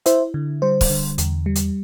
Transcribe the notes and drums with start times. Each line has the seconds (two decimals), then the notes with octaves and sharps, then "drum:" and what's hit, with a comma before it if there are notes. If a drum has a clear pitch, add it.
0.06 E4 C5 E5, drum: hi-hat
0.34 D3
0.62 G3 C5
0.81 drum: kick, open hi-hat
0.90 D3
1.18 E2, drum: hi-hat
1.46 G3
1.55 drum: hi-hat